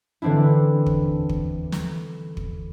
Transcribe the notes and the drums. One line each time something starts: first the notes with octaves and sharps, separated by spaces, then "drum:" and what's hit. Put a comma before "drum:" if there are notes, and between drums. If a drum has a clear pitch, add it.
D3 E3 C4 D4 E4
drum: kick
drum: kick
drum: snare
drum: kick